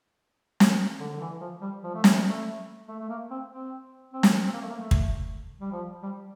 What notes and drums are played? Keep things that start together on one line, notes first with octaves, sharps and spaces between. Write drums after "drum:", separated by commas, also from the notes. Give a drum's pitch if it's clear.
drum: snare
D3
D3
E3
F3
G3
F3
A3
G3, drum: snare
A3
A3
A3
A#3
C4
C4
C4
drum: snare
C4
A#3
A3
A#3
A3
drum: kick
G3
F3
G3